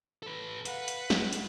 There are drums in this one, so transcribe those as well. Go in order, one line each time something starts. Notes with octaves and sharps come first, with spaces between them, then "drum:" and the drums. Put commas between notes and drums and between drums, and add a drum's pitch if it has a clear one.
A4 B4
B4 F5 F#5, drum: hi-hat
drum: hi-hat
drum: snare
drum: hi-hat